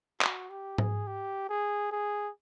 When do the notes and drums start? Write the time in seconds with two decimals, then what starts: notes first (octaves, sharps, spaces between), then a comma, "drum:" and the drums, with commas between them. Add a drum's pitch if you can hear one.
0.21 F#4, drum: clap
0.50 G4
0.78 G#4, drum: tom G#2
1.07 G4
1.49 G#4
1.91 G#4